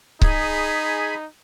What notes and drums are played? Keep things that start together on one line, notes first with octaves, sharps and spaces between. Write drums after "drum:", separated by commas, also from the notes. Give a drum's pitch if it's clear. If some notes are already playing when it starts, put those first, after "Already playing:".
D#4 G#4 G#5 B5, drum: kick C#1